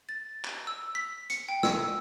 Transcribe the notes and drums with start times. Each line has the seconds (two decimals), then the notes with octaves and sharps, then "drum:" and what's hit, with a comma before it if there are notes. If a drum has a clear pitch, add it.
0.09 A6
0.45 drum: clap
0.67 E6
0.95 B6
1.30 C#7, drum: hi-hat
1.49 G5
1.63 E6, drum: snare